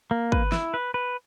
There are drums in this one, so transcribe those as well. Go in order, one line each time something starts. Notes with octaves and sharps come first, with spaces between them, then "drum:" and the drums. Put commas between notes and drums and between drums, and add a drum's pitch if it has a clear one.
A#3
B4, drum: kick
E4, drum: snare
B4
B4